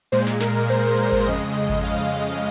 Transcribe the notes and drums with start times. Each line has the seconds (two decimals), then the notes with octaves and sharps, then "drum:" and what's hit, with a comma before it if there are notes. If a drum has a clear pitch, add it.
0.12 A#2 G#3 C5, drum: hi-hat
0.27 drum: snare
0.40 A#4, drum: snare
0.55 drum: hi-hat
0.70 C5, drum: hi-hat
0.84 drum: open hi-hat
0.98 drum: hi-hat
1.12 drum: kick G#1, hi-hat
1.26 F2 C#3 G#3 D#5, drum: open hi-hat
1.41 drum: hi-hat
1.55 drum: hi-hat
1.69 drum: kick G#1, hi-hat
1.83 F5, drum: hi-hat
1.98 drum: hi-hat
2.11 F5
2.26 drum: hi-hat